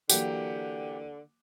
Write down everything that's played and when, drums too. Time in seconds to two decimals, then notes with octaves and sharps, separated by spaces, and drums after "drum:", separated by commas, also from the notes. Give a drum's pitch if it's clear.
0.10 D3 E3 F#3 A#3 G4 F#5, drum: tambourine